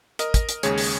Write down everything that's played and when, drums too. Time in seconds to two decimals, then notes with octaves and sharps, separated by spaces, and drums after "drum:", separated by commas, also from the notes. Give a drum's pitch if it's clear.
0.19 A#4 D#5, drum: hi-hat
0.34 drum: kick, hi-hat
0.49 drum: hi-hat
0.63 D#2 C#3 G#3 G#4 C#5, drum: hi-hat
0.78 drum: open hi-hat